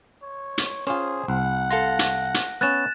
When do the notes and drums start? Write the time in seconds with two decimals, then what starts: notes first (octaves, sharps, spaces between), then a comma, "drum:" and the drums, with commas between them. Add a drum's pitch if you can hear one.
0.22 C#5
0.58 drum: hi-hat
0.87 C#4 F4 G#4 C5
1.28 C2 F#5
1.70 A4 F5 C6 A#6
1.99 drum: hi-hat
2.34 drum: hi-hat
2.61 B3 C#4 F#6 A6 E7